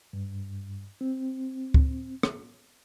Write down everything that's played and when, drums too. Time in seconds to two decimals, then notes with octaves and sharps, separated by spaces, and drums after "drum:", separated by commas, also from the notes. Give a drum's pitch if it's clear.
0.13 G2
1.01 C4
1.74 drum: kick C#2
2.23 drum: rim click